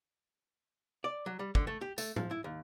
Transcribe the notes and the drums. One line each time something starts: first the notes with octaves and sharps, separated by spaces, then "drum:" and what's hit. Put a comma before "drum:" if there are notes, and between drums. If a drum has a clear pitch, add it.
D5
F#3
G3
D3, drum: kick
A3
G4
A3, drum: tambourine
F3, drum: tom A2
E4
D#2